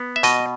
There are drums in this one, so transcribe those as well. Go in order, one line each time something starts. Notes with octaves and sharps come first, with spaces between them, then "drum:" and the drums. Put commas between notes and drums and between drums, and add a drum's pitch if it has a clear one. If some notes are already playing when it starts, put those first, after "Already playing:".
Already playing: B3
E5
B2 D#5, drum: hi-hat